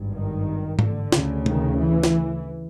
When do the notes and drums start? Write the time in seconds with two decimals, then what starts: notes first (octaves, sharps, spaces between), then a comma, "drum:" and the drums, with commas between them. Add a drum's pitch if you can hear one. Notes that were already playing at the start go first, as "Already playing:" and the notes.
Already playing: G#1 G2
0.12 D#3
0.79 D3, drum: tom G#2
1.12 D2 C#3, drum: snare
1.46 D#3, drum: tom C3
1.79 E3
2.03 drum: snare